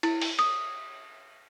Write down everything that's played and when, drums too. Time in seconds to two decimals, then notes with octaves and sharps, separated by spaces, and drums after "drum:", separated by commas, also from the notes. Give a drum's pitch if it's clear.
0.03 E4, drum: cymbal
0.22 drum: open hi-hat
0.39 D#6, drum: cymbal